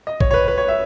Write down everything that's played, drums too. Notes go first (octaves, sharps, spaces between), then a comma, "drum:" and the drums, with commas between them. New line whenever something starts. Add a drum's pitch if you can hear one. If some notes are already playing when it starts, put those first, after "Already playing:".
D#5
C#5, drum: kick A#1
C#5
B4
B4
C#5
E5